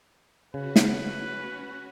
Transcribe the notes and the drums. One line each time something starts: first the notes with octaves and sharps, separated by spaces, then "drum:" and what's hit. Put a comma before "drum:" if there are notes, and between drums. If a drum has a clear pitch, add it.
C#3 C#4 F#4 B4
drum: snare